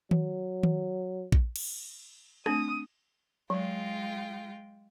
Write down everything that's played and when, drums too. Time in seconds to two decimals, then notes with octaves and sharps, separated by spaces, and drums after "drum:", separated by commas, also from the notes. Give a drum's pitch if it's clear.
0.11 F#3, drum: tom D#3
0.63 drum: tom D#3
1.32 drum: kick A#1
1.56 drum: cymbal
2.46 A3 C4 D4 D#6, drum: rim click
3.50 F#3 G#3 F4 G5